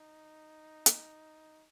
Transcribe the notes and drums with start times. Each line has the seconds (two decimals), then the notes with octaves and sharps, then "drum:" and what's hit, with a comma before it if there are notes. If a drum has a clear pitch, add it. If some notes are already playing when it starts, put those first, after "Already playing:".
Already playing: D#4
0.86 drum: hi-hat